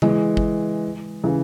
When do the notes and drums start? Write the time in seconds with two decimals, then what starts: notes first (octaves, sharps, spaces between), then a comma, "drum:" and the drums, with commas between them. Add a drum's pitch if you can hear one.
0.02 E3 G#3, drum: tom C#3
0.37 drum: kick G1
1.24 C#3 E3